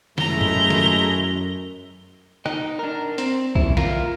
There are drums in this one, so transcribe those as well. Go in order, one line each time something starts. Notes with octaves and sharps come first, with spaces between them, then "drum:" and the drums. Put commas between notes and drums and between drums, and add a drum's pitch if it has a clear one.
F#2 G#3 A3 E4 A#5 G7, drum: snare
drum: tom G2
drum: snare
D#4 D#5, drum: rim click
D4 A#4
C4, drum: hi-hat
F#2 E4, drum: kick C2
F4 A#4, drum: snare